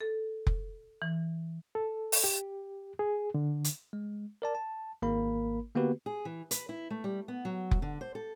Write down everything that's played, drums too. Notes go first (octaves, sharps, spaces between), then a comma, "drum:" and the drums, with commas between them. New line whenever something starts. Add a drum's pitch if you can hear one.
A4
drum: kick F1
E3
A4
drum: open hi-hat
G4
G#4
D3
drum: hi-hat
G#3
A#4 D5 A5
A5
G#1 A#3 A#4 B5
D3 A#3 B3 F#4 G4 B4
G#4
E3
B4, drum: hi-hat
E4
A3
G3
B3
F#3
drum: kick F1
D3
C5
A4